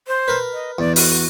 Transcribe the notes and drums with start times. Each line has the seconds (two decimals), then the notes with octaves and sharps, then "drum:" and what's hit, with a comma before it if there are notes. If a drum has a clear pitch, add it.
0.08 C5
0.28 A#4 B4
0.53 D#5
0.79 E2 D5
0.96 F#4, drum: open hi-hat